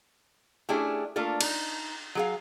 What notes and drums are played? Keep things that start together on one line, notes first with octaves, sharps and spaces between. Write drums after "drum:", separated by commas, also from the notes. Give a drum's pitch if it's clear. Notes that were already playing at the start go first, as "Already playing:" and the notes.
A3 C#4 D4 E4 G4 G#4
A3 A#3 D4 F4 A4
D#4, drum: cymbal
F#3 G#4 F5